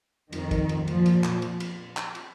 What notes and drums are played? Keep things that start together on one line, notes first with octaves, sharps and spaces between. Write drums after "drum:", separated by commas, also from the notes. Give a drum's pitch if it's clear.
F2 D#3, drum: cymbal
drum: kick, cymbal
drum: cymbal
A#2 F3, drum: cymbal
drum: cymbal
drum: clap
drum: cymbal
drum: cymbal
drum: clap
drum: cymbal